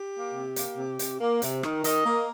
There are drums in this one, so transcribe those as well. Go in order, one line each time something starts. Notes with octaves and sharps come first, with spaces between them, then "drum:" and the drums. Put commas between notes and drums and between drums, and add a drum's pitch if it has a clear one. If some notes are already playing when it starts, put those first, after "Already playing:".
Already playing: G4
A#3
C3
A#3, drum: hi-hat
C3
C3, drum: hi-hat
A#3
C3, drum: hi-hat
D#3, drum: rim click
D#3 D#5, drum: hi-hat
A#3